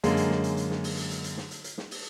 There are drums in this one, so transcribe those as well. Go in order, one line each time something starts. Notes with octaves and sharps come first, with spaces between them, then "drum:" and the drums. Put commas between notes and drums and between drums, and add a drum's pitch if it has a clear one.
F#2 D3 G#3 A#3, drum: hi-hat
drum: hi-hat
drum: snare
drum: hi-hat
drum: hi-hat
drum: snare
drum: open hi-hat
drum: hi-hat
drum: hi-hat
drum: hi-hat
drum: snare
drum: hi-hat
drum: hi-hat
drum: snare
drum: open hi-hat